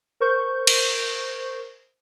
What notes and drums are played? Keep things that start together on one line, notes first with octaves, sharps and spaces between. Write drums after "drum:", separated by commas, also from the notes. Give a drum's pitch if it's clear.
A#4 C5 C#6 G6
drum: cymbal